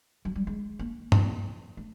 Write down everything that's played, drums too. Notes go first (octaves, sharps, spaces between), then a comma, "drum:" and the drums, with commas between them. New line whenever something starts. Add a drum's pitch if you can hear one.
F#3
G3
G#3
A#3
A#3, drum: tom G2
A3